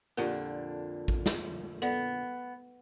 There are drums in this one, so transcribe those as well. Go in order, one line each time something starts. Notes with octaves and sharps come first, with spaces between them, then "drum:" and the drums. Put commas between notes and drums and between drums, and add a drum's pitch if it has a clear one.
F2 A#2 D3 F4 G4 A#4
drum: kick A1
drum: snare
B3 A4 D5 F#5